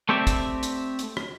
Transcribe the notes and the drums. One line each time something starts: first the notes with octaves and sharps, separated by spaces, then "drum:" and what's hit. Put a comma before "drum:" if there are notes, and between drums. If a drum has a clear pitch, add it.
A3 C4 G4 D5 E5
drum: kick, hi-hat
drum: hi-hat
drum: hi-hat
drum: rim click